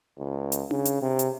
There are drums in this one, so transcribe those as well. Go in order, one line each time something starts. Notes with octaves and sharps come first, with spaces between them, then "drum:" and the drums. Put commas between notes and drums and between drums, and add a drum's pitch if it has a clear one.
C#2
drum: hi-hat
C#3, drum: tom D4
drum: hi-hat
C3
drum: hi-hat